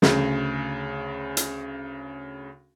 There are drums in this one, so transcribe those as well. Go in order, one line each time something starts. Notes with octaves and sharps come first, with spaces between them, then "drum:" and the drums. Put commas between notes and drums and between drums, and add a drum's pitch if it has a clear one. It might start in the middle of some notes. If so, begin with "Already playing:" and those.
D2 C#3, drum: snare
drum: hi-hat